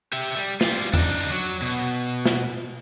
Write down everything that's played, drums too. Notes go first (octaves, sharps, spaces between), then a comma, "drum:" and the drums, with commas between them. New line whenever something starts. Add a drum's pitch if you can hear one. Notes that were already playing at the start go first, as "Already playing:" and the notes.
G4 E5
G3
G3 F4, drum: snare
D4 D#4, drum: tom E2
F#3
B2
drum: snare